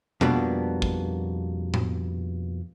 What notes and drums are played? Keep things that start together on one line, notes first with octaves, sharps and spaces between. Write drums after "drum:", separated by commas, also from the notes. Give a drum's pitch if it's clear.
F2 B2 G3 A#3 B3 D4, drum: tom B2
drum: kick
drum: tom A2